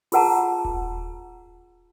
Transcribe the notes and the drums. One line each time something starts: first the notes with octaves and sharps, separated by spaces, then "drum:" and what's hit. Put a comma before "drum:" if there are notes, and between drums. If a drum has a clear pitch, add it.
F4 G#4 A#4 F#5 A5 A#5, drum: open hi-hat
drum: kick D#1